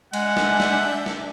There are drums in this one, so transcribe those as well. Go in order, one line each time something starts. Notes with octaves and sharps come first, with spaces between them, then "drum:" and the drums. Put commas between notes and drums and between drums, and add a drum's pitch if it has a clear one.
G#3 D4 E5 F#5 G#5 G6, drum: cymbal
drum: snare
drum: snare
drum: snare